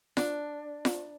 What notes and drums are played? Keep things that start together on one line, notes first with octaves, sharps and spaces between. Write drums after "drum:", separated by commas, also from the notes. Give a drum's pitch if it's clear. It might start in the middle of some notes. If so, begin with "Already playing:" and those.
D4, drum: snare F4
drum: snare F4